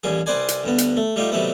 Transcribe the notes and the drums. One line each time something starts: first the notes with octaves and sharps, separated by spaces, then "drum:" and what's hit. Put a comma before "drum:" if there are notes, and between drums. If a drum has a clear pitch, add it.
A1 D#2 G3 G#4
C2 C4 B4 C5 D5 G#5
drum: hi-hat
D2 G2 B3
drum: hi-hat
A3
G3 A3 D#4 F4 G4
C3 D#3 F#3 G3 A3 B3